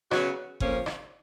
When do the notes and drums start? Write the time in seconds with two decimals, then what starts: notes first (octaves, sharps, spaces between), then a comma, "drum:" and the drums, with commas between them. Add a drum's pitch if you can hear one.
0.11 C#3 F#3 B3 F#4, drum: rim click
0.60 F2 C#3 F3 A#3 C#4, drum: kick F#1
0.86 drum: rim click